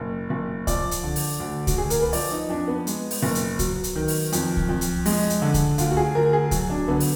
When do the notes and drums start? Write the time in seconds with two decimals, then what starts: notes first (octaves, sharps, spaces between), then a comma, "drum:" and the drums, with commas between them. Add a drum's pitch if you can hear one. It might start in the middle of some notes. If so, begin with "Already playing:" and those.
Already playing: F#1
0.30 F#1
0.67 F3 D5, drum: kick C2, hi-hat
0.91 drum: hi-hat
1.03 D3
1.16 drum: open hi-hat
1.40 D2
1.67 F#4, drum: kick C2, hi-hat
1.76 D2 G#4
1.90 A#4, drum: hi-hat
2.01 B4
2.13 F3 D5, drum: open hi-hat
2.31 D#4
2.49 F2 D4
2.67 B3
2.87 G#3, drum: hi-hat
3.11 drum: open hi-hat
3.23 F#1
3.35 drum: hi-hat
3.59 F#3, drum: kick C2, hi-hat
3.84 drum: hi-hat
3.95 D#3
4.08 drum: open hi-hat
4.32 F2, drum: hi-hat
4.57 drum: kick C2
4.69 F2
4.81 drum: hi-hat
5.06 G#3, drum: open hi-hat
5.30 drum: hi-hat
5.42 D3
5.54 drum: kick C2, hi-hat
5.78 D2 F4, drum: hi-hat
5.91 F#4
5.97 G#4
6.15 D2 A#4
6.33 G#4
6.51 F#3 F#4, drum: kick C2, hi-hat
6.70 D4
6.88 D3 B3
7.00 drum: open hi-hat